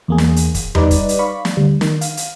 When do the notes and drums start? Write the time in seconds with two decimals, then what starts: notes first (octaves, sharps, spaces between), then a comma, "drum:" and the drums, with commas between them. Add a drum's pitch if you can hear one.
0.08 E2 A#3 G#4
0.18 drum: snare
0.36 drum: hi-hat
0.54 drum: kick, hi-hat
0.75 G3 D#4 B4 D5, drum: tom E2
0.91 drum: kick, hi-hat
1.09 drum: hi-hat
1.19 D5 F5 B5 C#6 B6
1.45 drum: snare
1.57 D2 G3
1.81 D#3, drum: snare
2.01 F5, drum: hi-hat
2.17 drum: hi-hat